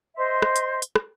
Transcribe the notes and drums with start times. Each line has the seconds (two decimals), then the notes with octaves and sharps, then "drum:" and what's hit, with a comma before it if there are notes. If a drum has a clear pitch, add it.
0.16 C5 D#5 E5 C6
0.42 drum: rim click
0.56 drum: hi-hat
0.82 drum: hi-hat
0.96 drum: rim click